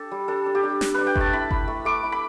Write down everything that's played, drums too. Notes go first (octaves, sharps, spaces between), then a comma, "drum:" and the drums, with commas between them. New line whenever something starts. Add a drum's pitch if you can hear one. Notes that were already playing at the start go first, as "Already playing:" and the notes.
Already playing: D4 G4 A4
G3
D4 A4
D4
G4
D4
D4, drum: snare
D4 B4
G5
A3 A5, drum: kick G1
E4 B5
E4, drum: kick G1
A3
A3 D6
E4
B5